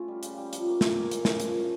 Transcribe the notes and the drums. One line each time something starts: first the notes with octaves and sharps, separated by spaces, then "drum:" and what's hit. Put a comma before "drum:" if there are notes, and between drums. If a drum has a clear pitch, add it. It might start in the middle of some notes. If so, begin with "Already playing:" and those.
Already playing: A3 C#4 F4
G3
C#3, drum: hi-hat
G3
F3, drum: hi-hat
A#3
A#3, drum: snare
A#3
C#3, drum: hi-hat
C#3, drum: snare
F3, drum: hi-hat
A3